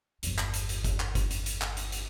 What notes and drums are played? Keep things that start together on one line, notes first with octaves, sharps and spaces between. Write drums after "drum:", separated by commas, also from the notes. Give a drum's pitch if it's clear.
G1 E2, drum: hi-hat
drum: clap
drum: hi-hat
drum: hi-hat
drum: kick F#1, hi-hat
drum: clap
drum: kick F#1, hi-hat
drum: hi-hat
drum: hi-hat
drum: clap
drum: hi-hat
drum: hi-hat